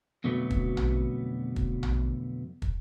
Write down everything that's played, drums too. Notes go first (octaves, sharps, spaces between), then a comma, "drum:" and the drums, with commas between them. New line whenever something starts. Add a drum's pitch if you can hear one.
F2 B2 D3 F#3 A3 B3
drum: kick
drum: tom A#1
drum: kick
drum: tom A#1
drum: kick